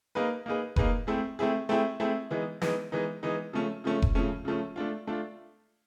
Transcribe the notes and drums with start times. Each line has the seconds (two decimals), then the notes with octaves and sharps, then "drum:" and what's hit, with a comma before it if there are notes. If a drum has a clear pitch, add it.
0.15 A#3 D#4 G#4 B4
0.46 A#3 D#4 G#4 B4
0.76 A#3 D#4 G#4 B4, drum: kick F1
1.07 A3 C4 E4 G#4
1.39 A3 C4 E4 G#4
1.69 A3 C4 E4 G#4
2.00 A3 C4 E4 G#4
2.30 E3 G#3 B3 D#4
2.62 E3 G#3 B3 D#4, drum: snare
2.92 E3 G#3 B3 D#4
3.23 E3 G#3 B3 D#4
3.53 C#3 F3 A3 C#4
3.84 C#3 F3 A3 C#4
4.02 drum: kick F1
4.15 C#3 F3 A3 C#4
4.45 C#3 F3 A3 C#4
4.76 A3 D4 F4
5.07 A3 D4 F4